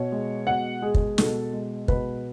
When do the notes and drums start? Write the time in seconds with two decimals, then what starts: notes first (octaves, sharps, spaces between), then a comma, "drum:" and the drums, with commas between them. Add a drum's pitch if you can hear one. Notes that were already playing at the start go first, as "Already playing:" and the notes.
Already playing: B2 C#5
0.12 G#3
0.47 B2 F#5
0.82 G#3 G#4
0.94 drum: kick
1.18 B2 A4, drum: snare
1.53 G#3
1.88 B2 B4, drum: kick